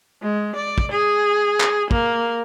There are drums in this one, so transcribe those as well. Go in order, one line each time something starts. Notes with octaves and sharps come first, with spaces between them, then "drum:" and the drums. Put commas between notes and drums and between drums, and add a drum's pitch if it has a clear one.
G#3
D5
drum: kick
G#4
drum: clap
A#3, drum: kick